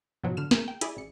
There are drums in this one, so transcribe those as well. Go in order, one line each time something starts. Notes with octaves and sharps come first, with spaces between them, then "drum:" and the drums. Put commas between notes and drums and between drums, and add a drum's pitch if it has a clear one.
G#2 B2 F3 F#3
D3 F6 E7
G#4 A#4 G6, drum: snare
G5
E4 G#4 D5, drum: hi-hat
A1 C#7